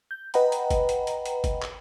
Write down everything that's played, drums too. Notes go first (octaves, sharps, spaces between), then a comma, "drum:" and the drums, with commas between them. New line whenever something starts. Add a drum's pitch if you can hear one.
G6
B4 D#5 F#5 G5 A#5 B5, drum: hi-hat
drum: hi-hat
drum: kick, hi-hat
drum: hi-hat
drum: hi-hat
drum: hi-hat
drum: kick, hi-hat
drum: clap